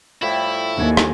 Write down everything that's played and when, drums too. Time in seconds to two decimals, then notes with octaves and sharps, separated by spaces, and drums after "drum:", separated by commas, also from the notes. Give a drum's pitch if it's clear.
0.22 A2 F3 G3 E4 E5
0.77 D#2 D3 G#5
0.97 drum: rim click